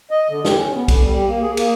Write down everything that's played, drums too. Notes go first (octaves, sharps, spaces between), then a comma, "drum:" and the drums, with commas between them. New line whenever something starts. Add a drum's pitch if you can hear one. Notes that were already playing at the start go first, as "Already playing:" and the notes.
D#5
D3
G4, drum: snare
C#4
B3
D3, drum: kick B1, cymbal
G3
G4
A#3
G#4
A#3, drum: cymbal